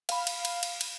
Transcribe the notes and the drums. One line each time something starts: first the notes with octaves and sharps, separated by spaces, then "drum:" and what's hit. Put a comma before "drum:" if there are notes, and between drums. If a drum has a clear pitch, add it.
F5 B5, drum: cymbal
drum: cymbal
drum: cymbal
drum: cymbal
drum: cymbal